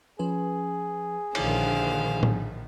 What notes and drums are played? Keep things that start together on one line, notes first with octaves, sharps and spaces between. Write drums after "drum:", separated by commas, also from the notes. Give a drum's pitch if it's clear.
F3 C#4 G#4 B4
A#1 D3 D#3 C5 C#5 F5 D6, drum: cymbal
drum: tom A2